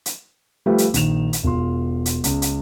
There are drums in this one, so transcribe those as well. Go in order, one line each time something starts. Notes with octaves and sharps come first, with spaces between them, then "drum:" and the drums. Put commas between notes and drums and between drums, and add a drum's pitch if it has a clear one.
drum: hi-hat
F3 G3 A3 F4 G4 B4
drum: hi-hat
A#1 D#3 E7 F7, drum: hi-hat
drum: hi-hat
E1 F4 C6
drum: hi-hat
C#2, drum: hi-hat
drum: hi-hat